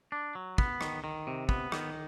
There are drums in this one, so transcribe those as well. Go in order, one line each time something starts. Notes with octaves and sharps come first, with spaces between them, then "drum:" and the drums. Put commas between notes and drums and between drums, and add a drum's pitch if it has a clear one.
D4
F#3
B3, drum: kick
D#3, drum: rim click
D#3
C3
B3, drum: kick
D#3, drum: rim click